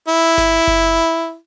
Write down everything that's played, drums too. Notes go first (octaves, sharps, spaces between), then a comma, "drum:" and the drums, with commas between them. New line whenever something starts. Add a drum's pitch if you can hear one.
E4
drum: snare G1
drum: kick F#1